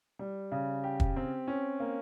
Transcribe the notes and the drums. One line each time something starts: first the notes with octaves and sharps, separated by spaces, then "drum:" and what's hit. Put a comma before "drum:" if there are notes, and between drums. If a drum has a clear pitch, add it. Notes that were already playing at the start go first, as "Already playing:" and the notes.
G3
C#3
G4
drum: kick
C4
C#4
A#3